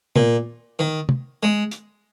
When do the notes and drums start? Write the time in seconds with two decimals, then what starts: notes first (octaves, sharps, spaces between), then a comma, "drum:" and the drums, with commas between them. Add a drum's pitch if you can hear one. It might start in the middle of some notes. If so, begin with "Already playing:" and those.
0.16 A#2, drum: tom
0.79 D#3
1.09 drum: tom
1.43 G#3
1.71 drum: hi-hat